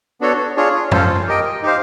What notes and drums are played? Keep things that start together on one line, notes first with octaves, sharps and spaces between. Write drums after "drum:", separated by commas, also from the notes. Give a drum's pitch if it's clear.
B3 D4 F#4 A4 C#5
D4 F4 G#4 C#5
C#4 F4 A4 C5, drum: tom
G4 A#4 D#5 G5
D#4 G4 C5 F5